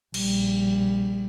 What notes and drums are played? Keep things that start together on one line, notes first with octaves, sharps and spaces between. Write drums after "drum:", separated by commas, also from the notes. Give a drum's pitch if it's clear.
A#1 G3, drum: cymbal